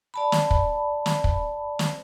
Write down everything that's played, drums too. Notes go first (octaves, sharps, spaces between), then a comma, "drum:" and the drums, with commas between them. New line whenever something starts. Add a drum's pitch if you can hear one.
D5 A5 B5
drum: snare
drum: kick
drum: snare
drum: kick
drum: snare